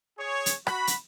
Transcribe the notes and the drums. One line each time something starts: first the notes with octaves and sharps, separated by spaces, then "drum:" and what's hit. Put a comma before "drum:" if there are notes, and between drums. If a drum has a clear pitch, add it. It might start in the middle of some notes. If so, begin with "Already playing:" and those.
G#4 C#5
drum: hi-hat
F#4 B5, drum: rim click
drum: hi-hat